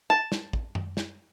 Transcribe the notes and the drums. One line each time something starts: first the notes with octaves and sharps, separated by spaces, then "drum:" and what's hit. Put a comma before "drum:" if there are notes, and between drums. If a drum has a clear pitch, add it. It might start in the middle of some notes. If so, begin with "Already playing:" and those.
A5
drum: snare
drum: kick
drum: tom F#2
drum: snare